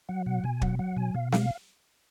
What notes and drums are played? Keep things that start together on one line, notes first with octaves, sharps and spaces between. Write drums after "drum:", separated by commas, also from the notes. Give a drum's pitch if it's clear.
F#3 F#5
B2 F#5
B2 G#5
F#3 F#5, drum: kick
F#3 F#5
B2 G#5
B2 F5
G#3 F5, drum: snare